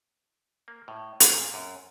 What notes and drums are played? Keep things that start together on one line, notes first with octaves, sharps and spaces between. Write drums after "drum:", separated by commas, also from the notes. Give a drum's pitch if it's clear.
A#3
A2
G#4, drum: hi-hat
A#2
F#2